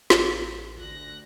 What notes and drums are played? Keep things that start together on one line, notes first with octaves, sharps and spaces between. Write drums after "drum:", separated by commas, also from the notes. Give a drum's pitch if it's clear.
A1, drum: snare
D2 F#6 A#6